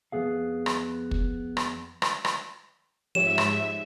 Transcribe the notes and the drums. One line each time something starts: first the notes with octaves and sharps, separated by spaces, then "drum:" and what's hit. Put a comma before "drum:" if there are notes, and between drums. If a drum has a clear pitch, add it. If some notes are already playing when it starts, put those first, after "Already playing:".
F2 E3 B3 G#4 F5
drum: rim click
drum: kick
drum: rim click
drum: rim click
drum: rim click
G#2 F3 G4 C#5 E5 E7
drum: rim click